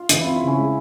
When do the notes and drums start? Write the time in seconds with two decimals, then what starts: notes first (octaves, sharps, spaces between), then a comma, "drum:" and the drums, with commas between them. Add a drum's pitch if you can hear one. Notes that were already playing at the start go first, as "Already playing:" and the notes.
Already playing: F4
0.09 E3, drum: hi-hat
0.21 C4 E4 F4
0.36 E4
0.42 C#3
0.47 C#4
0.57 G#3